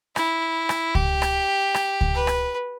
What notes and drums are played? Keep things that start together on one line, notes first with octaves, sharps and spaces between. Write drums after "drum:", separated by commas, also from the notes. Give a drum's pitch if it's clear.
E4, drum: rim click
drum: rim click
G4, drum: kick C#2
drum: rim click
drum: rim click
drum: kick C#2
B4
drum: rim click